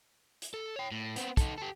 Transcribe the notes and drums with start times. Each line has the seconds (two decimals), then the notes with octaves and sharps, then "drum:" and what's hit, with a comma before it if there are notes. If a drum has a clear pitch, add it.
0.42 drum: hi-hat
0.54 A4
0.76 C#5 G5
0.91 A2
1.16 B3 C4, drum: hi-hat
1.37 D#4 A4, drum: kick, hi-hat
1.58 G4 A4